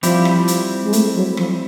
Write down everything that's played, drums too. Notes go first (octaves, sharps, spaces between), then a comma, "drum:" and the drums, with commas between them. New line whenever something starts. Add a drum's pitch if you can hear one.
F3 G3 C4 E4 G4, drum: hi-hat
drum: rim click
drum: hi-hat
G#3
A3, drum: hi-hat
F#3
F3, drum: rim click